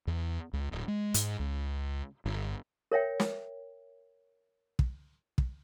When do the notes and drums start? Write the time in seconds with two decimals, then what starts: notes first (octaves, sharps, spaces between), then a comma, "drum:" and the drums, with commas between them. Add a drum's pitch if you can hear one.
0.07 E2
0.53 C#2
0.72 D1
0.88 G#3
1.14 G#2, drum: hi-hat
1.40 C#2
2.25 G1
2.92 A#4 C#5 E5 G5
3.20 drum: snare
4.79 drum: kick
5.38 drum: kick